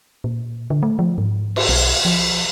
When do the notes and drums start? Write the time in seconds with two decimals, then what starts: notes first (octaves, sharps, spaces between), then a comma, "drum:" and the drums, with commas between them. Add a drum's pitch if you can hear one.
0.24 A#2
0.70 D3
0.83 A3
0.99 F3
1.18 G#2
1.56 drum: cymbal
1.69 B1
2.05 F3